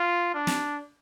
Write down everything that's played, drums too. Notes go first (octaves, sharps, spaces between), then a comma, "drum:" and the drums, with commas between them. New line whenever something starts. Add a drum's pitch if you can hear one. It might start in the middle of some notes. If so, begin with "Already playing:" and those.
Already playing: F4
D4
drum: snare